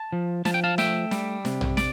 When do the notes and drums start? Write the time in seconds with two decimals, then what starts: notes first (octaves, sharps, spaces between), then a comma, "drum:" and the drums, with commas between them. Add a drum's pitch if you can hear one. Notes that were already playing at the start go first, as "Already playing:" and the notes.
Already playing: A5
0.12 F3
0.45 F3 A5, drum: snare
0.54 G5
0.64 F5 A5
0.78 A3 E5 G5, drum: snare
1.11 G3, drum: snare
1.45 C3, drum: snare
1.61 drum: tom A#1
1.77 D5, drum: snare